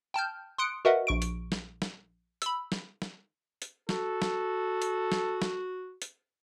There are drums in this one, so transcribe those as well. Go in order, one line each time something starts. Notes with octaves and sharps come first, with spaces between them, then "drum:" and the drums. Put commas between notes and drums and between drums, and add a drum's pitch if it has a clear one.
G5 A5 F6 G6
C6 D#6 F#6 C#7 D7
F#4 A#4 B4 D#5 E5 F#5
A#1 C#6 D7
drum: hi-hat
drum: snare
drum: snare
B5 E6, drum: hi-hat
drum: snare
drum: snare
drum: hi-hat
F#4 A4, drum: snare
drum: snare
drum: hi-hat
drum: snare
drum: snare
drum: hi-hat